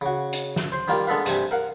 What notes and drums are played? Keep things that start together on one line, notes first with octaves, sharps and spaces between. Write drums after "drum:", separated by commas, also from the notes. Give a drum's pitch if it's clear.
C#3 F#4
drum: hi-hat
drum: snare
C5 C6
D#3 G3 A#3 F4 A#4
G#3 B3 D4 A4 B4 F5
G2 C3 G#5, drum: hi-hat
A#4 F5 F#5